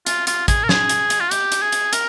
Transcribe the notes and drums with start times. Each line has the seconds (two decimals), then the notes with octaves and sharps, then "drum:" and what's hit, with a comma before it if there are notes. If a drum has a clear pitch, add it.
0.06 F4, drum: hi-hat
0.27 F4, drum: hi-hat
0.48 G#4, drum: kick, hi-hat
0.64 A#4
0.69 G#4, drum: snare
0.89 drum: hi-hat
1.10 drum: hi-hat
1.20 F4
1.31 G4, drum: hi-hat
1.52 drum: hi-hat
1.62 G#4
1.72 drum: hi-hat
1.93 A#4, drum: hi-hat